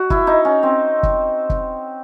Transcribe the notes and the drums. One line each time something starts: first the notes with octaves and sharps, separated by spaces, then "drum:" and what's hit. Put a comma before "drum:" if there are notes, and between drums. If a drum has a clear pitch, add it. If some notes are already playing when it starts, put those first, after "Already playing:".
Already playing: F#4
E4, drum: kick
D#4
C#4
C4
drum: kick
drum: kick